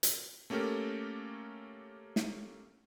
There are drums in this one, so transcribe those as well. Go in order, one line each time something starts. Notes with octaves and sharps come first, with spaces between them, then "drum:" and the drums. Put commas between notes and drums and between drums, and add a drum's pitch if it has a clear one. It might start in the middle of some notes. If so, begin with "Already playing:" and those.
drum: hi-hat
A3 A#3 C#4 G4 A4 A#4
drum: snare